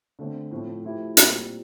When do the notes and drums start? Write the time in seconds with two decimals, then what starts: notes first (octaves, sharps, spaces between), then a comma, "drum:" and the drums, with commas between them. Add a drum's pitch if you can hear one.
0.19 D3 A3 C4
0.51 A2 F3 A3 C4
0.84 F3 A3 E4 G4
1.17 A#2 G3 C4 G4, drum: hi-hat